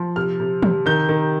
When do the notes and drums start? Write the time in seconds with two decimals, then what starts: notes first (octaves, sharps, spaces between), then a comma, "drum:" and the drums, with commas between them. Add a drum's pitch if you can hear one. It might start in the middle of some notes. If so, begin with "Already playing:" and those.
Already playing: F3
0.16 C3 F6
0.40 C3
0.63 C3, drum: tom
0.86 D#3 G6
1.09 D#3